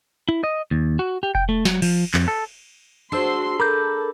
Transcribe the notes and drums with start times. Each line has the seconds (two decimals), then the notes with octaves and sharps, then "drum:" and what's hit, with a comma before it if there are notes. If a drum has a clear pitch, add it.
0.29 E4
0.44 D#5
0.71 D#2
0.99 F#4
1.23 G4
1.35 G5, drum: kick F1
1.49 A3
1.65 F#3, drum: snare
1.82 F3, drum: cymbal
2.14 F2, drum: clap
2.28 A4
3.12 D4 F#4 G#4 C5 A5 C6 E6 C7
3.60 A4 A#4 B5 D6 G6